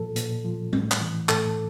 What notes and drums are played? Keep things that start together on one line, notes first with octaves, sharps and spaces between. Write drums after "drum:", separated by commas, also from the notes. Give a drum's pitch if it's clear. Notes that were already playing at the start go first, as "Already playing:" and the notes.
Already playing: A#2 F3 A4
A#2, drum: hi-hat
F3
A2, drum: tom G3
drum: clap
E3
A2 A4, drum: clap